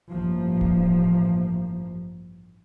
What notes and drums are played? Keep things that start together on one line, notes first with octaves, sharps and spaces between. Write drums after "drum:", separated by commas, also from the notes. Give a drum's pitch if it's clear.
A1 G2 F3 A#3
drum: kick D1